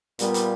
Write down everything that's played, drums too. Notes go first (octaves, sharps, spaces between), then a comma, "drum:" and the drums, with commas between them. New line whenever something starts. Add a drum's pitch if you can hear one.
A#2 G3 A#3 B3, drum: hi-hat
drum: hi-hat